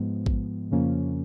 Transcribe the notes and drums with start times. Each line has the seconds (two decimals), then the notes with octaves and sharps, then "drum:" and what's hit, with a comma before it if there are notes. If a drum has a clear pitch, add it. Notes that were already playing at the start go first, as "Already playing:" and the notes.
Already playing: G#2 F3 G#3 B3
0.26 drum: kick A1
0.71 F2 C#3 F3 A#3 C#4